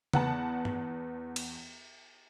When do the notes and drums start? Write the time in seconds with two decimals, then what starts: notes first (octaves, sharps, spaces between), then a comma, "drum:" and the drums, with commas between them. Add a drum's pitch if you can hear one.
0.13 E2 B3 F#5 A5, drum: tom C#3
0.65 drum: tom G2
1.36 drum: cymbal